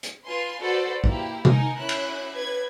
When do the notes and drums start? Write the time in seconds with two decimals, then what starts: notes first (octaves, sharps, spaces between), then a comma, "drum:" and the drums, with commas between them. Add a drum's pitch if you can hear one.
0.03 drum: hi-hat
0.24 F4 B4 G#5 C6
0.61 F#4 A4 B4 C5 D5
1.04 A#3 E4 G4, drum: kick
1.45 D#4 A#4 G#5, drum: tom
1.77 C#4 E4 F#6
1.89 drum: cymbal
2.34 B4 G#6